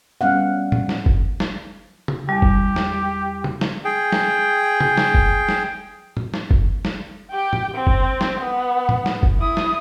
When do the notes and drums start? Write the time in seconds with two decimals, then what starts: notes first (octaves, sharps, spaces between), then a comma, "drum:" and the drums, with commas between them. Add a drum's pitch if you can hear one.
0.21 G3 B3 C#4 F5 F#5
0.72 drum: tom A2
0.89 drum: snare
1.06 drum: kick
1.40 drum: snare
2.08 drum: tom C#3
2.29 E2 G3 G4
2.42 drum: kick
2.76 drum: snare
3.44 drum: tom C#3
3.61 drum: snare
3.85 G#4 G5
4.12 drum: snare
4.81 drum: tom C#3
4.98 drum: snare
5.15 drum: kick
5.49 drum: snare
6.17 drum: tom A2
6.34 drum: snare
6.51 drum: kick
6.85 drum: snare
7.31 G4 G5
7.53 drum: tom A2
7.75 C4
7.87 drum: kick
8.21 drum: snare
8.41 B3
8.89 drum: tom A2
9.06 drum: snare
9.23 drum: kick
9.40 E4 D#6
9.57 drum: snare